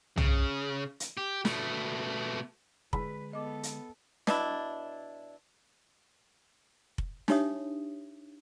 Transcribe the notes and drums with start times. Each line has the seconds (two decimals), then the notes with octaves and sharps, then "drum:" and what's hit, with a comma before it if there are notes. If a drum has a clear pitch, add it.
0.17 C#3, drum: tom
1.00 drum: hi-hat
1.17 G4
1.45 B2 A3, drum: snare
2.93 D3 G#3 G#4 B4 B5, drum: kick F1
3.33 B3 A4 D#5 D6
3.63 drum: hi-hat
4.27 B2 D4 E4, drum: snare
6.98 drum: kick F1
7.28 D4 D#4 G4 C#5 E5 D#6, drum: snare